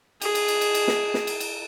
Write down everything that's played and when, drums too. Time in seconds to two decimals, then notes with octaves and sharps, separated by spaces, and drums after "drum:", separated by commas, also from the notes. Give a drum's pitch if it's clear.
0.22 G#4, drum: cymbal
0.35 drum: cymbal
0.48 drum: cymbal
0.61 drum: cymbal
0.74 drum: cymbal
0.88 drum: snare
1.14 drum: snare
1.27 drum: cymbal
1.40 drum: cymbal